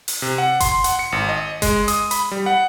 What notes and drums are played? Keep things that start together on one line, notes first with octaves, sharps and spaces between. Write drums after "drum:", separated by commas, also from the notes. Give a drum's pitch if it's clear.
drum: open hi-hat
C3
F#5
C6, drum: kick F#1, hi-hat
F#5, drum: hi-hat
C#7
G#1
D#5
G#3, drum: kick F#1, hi-hat
D#6, drum: hi-hat
B5, drum: hi-hat
G3
F#5